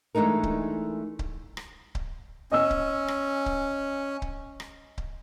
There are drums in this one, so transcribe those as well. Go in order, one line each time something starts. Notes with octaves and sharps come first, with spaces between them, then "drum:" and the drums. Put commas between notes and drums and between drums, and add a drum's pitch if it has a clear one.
E3 G#3 A3 D4 D#4 A#4
drum: kick C#1
drum: kick C#1
drum: rim click
drum: kick C#1
C#4 D#5 E6
drum: kick C#1
drum: rim click
drum: kick C#1
drum: kick C#1
drum: rim click
drum: kick C#1